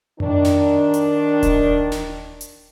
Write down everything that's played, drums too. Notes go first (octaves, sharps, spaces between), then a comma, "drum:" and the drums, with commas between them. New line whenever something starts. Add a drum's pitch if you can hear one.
D#3 D4, drum: tom F2
drum: snare
drum: hi-hat
drum: kick D#1, hi-hat
drum: snare
drum: hi-hat